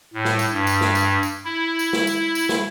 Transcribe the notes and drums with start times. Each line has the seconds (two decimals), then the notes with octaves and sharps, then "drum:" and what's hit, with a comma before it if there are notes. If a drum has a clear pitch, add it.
0.14 A2
0.25 drum: snare
0.39 drum: tambourine
0.53 G2
0.67 drum: tambourine
0.81 drum: snare
0.95 drum: tambourine
1.23 drum: tambourine
1.45 E4
1.79 drum: tambourine
1.93 drum: snare
2.07 drum: tambourine
2.35 drum: tambourine
2.49 drum: snare